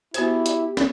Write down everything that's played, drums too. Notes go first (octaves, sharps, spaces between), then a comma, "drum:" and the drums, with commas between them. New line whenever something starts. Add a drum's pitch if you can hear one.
B3 E4 F#4 G4 C5, drum: hi-hat
drum: hi-hat
drum: snare